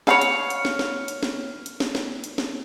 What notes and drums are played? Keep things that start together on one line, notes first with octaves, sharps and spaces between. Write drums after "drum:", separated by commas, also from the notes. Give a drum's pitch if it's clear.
G#4 C#5 F5 F#5 B5, drum: snare
drum: hi-hat
drum: hi-hat
drum: snare
drum: snare
drum: hi-hat
drum: snare
drum: hi-hat
drum: snare
drum: snare
drum: hi-hat
drum: snare